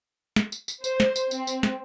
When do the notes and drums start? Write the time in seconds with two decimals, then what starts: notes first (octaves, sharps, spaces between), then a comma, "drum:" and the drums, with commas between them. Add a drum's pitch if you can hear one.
0.36 drum: snare
0.52 drum: tambourine
0.68 drum: tambourine
0.84 C5, drum: tambourine
1.00 drum: snare
1.16 drum: tambourine
1.31 C4, drum: tambourine
1.47 drum: tambourine
1.63 drum: snare